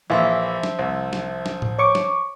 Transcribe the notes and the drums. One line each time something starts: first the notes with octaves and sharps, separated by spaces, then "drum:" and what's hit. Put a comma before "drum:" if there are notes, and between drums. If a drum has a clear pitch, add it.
A#1 E3 F3 E5 C6 E6
drum: snare
C2
drum: snare
drum: snare
drum: tom A2
C#5 C#6 D6
drum: snare